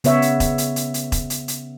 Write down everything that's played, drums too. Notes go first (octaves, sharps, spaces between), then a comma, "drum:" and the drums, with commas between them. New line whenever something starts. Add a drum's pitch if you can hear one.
C#3 B3 C#5 E5, drum: hi-hat
drum: hi-hat
drum: kick E1, hi-hat
drum: hi-hat
drum: hi-hat
drum: hi-hat
drum: kick E1, hi-hat
drum: hi-hat
drum: hi-hat